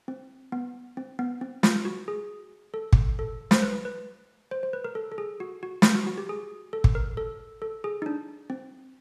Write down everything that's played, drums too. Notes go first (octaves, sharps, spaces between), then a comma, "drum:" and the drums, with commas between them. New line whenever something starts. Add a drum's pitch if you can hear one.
C4
B3
C4
B3
C4
F4, drum: snare
F#4
G#4
A4
drum: kick
A4
C5, drum: snare
B4
B4
C5
C5
B4
A#4
A4
A4
G#4
F#4
F#4
drum: snare
F#4
F#4
G4
G#4
A4
drum: kick
A#4
A4
A4
G#4
D#4
D4
C4